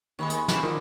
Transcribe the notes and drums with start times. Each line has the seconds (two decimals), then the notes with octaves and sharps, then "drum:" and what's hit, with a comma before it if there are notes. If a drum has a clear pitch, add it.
0.19 D#2 D#3 G#3 G#5 B5 C#6
0.30 drum: hi-hat
0.48 E3 C4, drum: snare
0.63 D3 D#3 F3